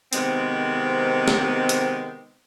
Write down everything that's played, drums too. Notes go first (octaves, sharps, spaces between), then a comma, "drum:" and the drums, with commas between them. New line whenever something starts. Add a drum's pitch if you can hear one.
C3 D#3 G#3 B3 C4, drum: hi-hat
drum: snare
drum: hi-hat